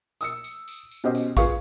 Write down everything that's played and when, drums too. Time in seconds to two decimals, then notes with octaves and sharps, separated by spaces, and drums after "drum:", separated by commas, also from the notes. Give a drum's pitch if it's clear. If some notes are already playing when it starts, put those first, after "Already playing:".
0.21 D#6 E6 C#7, drum: tambourine
0.44 drum: tambourine
0.68 drum: tambourine
0.91 drum: tambourine
1.04 B2 C#4 G4 C5 D#5
1.15 drum: tambourine
1.37 F4 G#4 B4 F5 C#6, drum: kick A1, tambourine